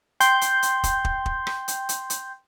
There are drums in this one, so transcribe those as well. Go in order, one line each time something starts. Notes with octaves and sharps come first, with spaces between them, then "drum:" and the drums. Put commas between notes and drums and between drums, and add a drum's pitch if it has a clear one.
G5 C6 G6, drum: hi-hat
drum: hi-hat
drum: hi-hat
drum: kick, hi-hat
drum: kick
drum: kick
drum: rim click
drum: hi-hat
drum: hi-hat
drum: hi-hat